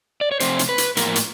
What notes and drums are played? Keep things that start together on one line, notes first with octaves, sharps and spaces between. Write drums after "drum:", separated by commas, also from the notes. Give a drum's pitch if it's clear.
D5
C#5
C3 F3 A3 C4 C5, drum: hi-hat
drum: hi-hat
B4
drum: hi-hat
A2 F3 A#3 A#4, drum: hi-hat
drum: hi-hat